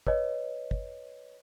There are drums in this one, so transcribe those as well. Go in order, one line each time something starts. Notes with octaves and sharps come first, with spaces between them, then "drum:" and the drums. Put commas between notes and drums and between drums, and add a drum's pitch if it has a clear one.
B4 C#5 D#5, drum: kick
drum: kick